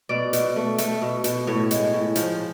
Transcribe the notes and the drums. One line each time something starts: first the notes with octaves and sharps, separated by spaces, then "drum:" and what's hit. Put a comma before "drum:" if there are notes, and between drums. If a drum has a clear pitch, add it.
B2 D5
B2, drum: hi-hat
A3
A3, drum: hi-hat
B2
B2, drum: hi-hat
A2 C#5
G#3, drum: hi-hat
A2
F3, drum: hi-hat